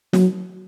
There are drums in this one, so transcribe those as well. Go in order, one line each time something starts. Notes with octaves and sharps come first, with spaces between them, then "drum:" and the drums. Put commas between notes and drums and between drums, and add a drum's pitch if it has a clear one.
F#3, drum: snare